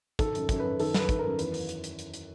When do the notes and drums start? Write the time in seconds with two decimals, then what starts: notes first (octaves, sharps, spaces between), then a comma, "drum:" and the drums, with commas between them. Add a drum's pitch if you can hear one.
0.19 D#3 A4, drum: kick, hi-hat
0.35 F#2, drum: hi-hat
0.49 F#2, drum: kick, hi-hat
0.60 F#2 B4
0.80 D#3 A4, drum: open hi-hat
0.94 D#3 B4, drum: snare
1.09 D#3, drum: kick, hi-hat
1.19 F#2 A#4
1.39 E2 B4, drum: hi-hat
1.54 drum: open hi-hat
1.69 drum: hi-hat
1.84 drum: hi-hat
1.99 drum: hi-hat
2.14 drum: hi-hat